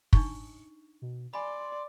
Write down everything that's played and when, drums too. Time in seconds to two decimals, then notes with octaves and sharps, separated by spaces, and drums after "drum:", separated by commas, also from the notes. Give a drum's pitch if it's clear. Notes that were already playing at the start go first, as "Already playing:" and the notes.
0.13 D4 D#4 C#6, drum: kick
1.02 B2
1.34 D5 G#5 B5 C6